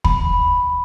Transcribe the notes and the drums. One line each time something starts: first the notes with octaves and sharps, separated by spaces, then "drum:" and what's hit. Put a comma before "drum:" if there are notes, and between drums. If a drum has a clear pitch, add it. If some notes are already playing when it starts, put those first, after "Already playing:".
B5, drum: kick